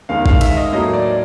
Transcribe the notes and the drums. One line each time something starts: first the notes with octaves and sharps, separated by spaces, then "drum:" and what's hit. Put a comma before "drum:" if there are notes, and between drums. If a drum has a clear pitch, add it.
D#2 D#3 G#3 F5
F5, drum: kick A1
E5, drum: cymbal
D#5
A2 F#3 A#3 D#5
D5